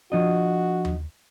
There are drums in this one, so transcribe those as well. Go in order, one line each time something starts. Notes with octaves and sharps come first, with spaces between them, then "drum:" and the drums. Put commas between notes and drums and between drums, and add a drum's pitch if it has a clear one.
F3 D4 F#4 D#5
drum: tom D#2